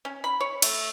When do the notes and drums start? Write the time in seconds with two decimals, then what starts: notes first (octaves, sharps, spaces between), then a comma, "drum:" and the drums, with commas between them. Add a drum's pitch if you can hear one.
0.05 C#4
0.24 B5
0.41 C#5
0.62 A3, drum: cymbal